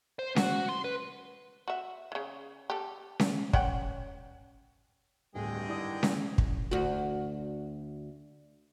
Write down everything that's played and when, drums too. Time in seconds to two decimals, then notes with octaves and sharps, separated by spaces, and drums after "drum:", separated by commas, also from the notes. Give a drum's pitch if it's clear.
0.19 C5
0.36 F#4, drum: snare C#4
0.69 C6
0.84 B4
1.68 F#4 E5
2.12 C#3 E3
2.70 G4 A4
3.20 drum: snare C#4
3.53 C#4 F#5 G5, drum: kick
5.35 D1 G2 D3 D#3 G#3 G#4 G5
5.68 E4 D5 D#6
6.03 drum: snare C#4
6.38 drum: kick
6.71 D2 F#4